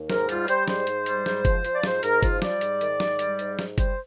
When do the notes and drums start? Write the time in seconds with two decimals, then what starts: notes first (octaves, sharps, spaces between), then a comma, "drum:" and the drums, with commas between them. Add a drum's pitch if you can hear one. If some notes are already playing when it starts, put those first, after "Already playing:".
Already playing: D#2
0.10 G#2 A#4, drum: snare
0.29 G3 F4, drum: hi-hat
0.48 G3 C5, drum: hi-hat
0.68 G#2 C5, drum: snare
0.87 G#2, drum: hi-hat
1.06 G3, drum: hi-hat
1.26 G#2, drum: snare
1.45 F3, drum: kick F#1, hi-hat
1.65 F3, drum: hi-hat
1.74 D5
1.83 G#2 C5, drum: snare
2.03 G#2 A#4, drum: hi-hat
2.23 F3 F4, drum: kick F#1, hi-hat
2.42 G3 D5, drum: snare
2.61 G#2, drum: hi-hat
2.81 D#3, drum: hi-hat
3.00 G#2, drum: snare
3.19 G3, drum: hi-hat
3.39 G#2, drum: hi-hat
3.59 G#2, drum: snare
3.78 G3 C5, drum: kick F#1, hi-hat